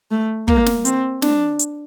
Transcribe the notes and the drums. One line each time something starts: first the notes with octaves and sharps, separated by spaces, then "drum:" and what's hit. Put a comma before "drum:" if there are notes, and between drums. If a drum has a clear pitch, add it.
A3
A#3, drum: kick
drum: snare
C4, drum: hi-hat
D4, drum: snare
drum: hi-hat